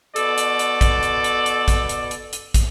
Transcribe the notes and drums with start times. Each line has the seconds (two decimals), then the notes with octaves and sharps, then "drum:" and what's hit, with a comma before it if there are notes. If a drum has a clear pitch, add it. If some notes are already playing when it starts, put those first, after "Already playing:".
0.16 B2 A4 D5, drum: hi-hat
0.38 drum: hi-hat
0.59 drum: hi-hat
0.81 drum: kick, hi-hat
1.03 drum: hi-hat
1.24 drum: hi-hat
1.46 drum: hi-hat
1.68 drum: kick, hi-hat
1.89 drum: hi-hat
2.11 drum: hi-hat
2.33 drum: hi-hat
2.54 drum: kick, hi-hat